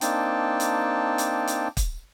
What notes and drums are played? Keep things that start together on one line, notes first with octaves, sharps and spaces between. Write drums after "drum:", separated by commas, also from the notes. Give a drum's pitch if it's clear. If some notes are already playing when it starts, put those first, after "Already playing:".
A#3 C4 D4 D#4 G5 A5, drum: hi-hat
drum: hi-hat
drum: hi-hat
drum: hi-hat
drum: kick, hi-hat